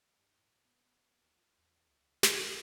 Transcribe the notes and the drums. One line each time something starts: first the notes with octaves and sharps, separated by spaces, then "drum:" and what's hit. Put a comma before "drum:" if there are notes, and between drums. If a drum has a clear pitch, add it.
G2
A2
B3
B3
D#2
F4
E2
C#2
F2, drum: snare